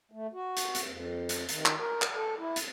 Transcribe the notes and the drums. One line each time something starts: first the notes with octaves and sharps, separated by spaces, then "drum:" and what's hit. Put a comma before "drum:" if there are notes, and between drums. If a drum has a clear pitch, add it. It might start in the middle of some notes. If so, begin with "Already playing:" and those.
A3
F#4
drum: hi-hat
drum: hi-hat
F2
drum: hi-hat
D#3, drum: hi-hat
drum: clap
A#4
drum: clap
A4
E4
drum: hi-hat